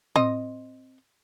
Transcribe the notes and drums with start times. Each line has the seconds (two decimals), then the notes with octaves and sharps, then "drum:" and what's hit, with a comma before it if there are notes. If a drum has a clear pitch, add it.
0.16 C4 D#5, drum: tom A2